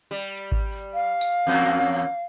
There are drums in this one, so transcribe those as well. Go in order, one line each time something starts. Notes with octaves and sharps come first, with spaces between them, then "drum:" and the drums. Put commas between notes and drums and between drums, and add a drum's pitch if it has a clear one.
G3
drum: hi-hat
drum: kick G#1
F5
drum: tambourine
E2 F#3 A#3